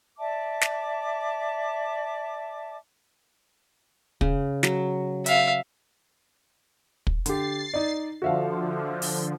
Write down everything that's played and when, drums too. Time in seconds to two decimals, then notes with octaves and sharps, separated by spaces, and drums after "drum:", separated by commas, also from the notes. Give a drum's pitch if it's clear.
0.18 D5 E5 A5 D6
0.61 drum: snare
4.21 C#3, drum: kick
4.63 F#3, drum: snare
5.26 E5 F5, drum: hi-hat
7.07 drum: kick
7.26 D3 G4 A6 C7, drum: hi-hat
7.74 D#4 D5
8.22 D3 F3 F#4 E5 F5
9.02 drum: open hi-hat